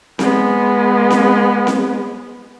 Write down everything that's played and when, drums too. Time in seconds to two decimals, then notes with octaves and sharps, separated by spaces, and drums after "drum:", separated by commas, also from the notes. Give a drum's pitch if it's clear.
0.19 G#3 B3, drum: snare C4
1.10 drum: snare C4
1.67 drum: snare C4